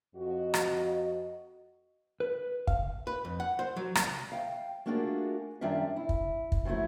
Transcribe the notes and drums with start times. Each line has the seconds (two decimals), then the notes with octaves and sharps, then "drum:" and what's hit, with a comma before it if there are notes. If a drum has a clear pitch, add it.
0.15 F2 F#4 D#5
0.54 drum: rim click
2.20 B4
2.67 F5, drum: kick
3.07 B4
3.25 F2
3.40 F#5
3.59 C5
3.77 F#3
3.95 C2, drum: rim click
4.32 F5 G5
4.86 A3 A#3 D4 F4 F#4 G#4
5.61 F#2 D#3 G3 D4 F4 E5
5.96 E4
6.09 drum: kick
6.52 drum: kick
6.65 F3 F#3 G#3 A3 E4